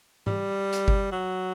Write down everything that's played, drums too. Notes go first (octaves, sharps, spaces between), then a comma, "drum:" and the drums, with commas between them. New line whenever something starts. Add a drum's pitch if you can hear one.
G3, drum: tom G#2
drum: hi-hat
drum: kick G1
F#3